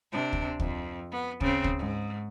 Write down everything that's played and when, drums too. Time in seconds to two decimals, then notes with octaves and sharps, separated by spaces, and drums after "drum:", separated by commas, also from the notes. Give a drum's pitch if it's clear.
0.12 C3 D4
0.33 drum: kick
0.60 F2, drum: kick
1.12 B3
1.41 C#3 C4, drum: kick
1.64 drum: kick
1.78 G#2